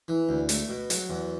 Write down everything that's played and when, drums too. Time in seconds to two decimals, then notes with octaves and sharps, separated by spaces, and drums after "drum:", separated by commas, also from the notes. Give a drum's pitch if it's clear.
0.08 E3
0.29 D2
0.49 A3, drum: hi-hat
0.69 B2
0.90 F#3, drum: hi-hat
1.10 E2